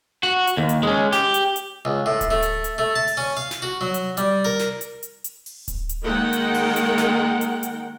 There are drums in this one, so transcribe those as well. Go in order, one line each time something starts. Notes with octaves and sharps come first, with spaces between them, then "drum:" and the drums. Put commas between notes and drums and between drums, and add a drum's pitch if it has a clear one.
F#4
drum: hi-hat
D#2
drum: hi-hat
G#3 C#4
G4, drum: snare
drum: hi-hat
drum: hi-hat
C#2
A2
drum: kick D1, hi-hat
A3
drum: hi-hat
drum: hi-hat
A3
A5
drum: open hi-hat
C#4
F5
drum: snare
F#4
F#3
drum: hi-hat
G3, drum: hi-hat
A#4
drum: snare
drum: hi-hat
drum: hi-hat
drum: hi-hat
drum: open hi-hat
drum: kick D1, hi-hat
drum: hi-hat
D#3 G#3 A#3 A#4 F#5 G5
drum: hi-hat
drum: open hi-hat
drum: hi-hat
drum: snare
drum: hi-hat
drum: hi-hat